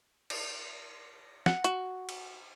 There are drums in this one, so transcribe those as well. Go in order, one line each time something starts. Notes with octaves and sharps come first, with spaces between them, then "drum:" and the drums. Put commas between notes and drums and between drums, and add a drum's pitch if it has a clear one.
drum: cymbal
F#5, drum: snare
F#4, drum: hi-hat
drum: cymbal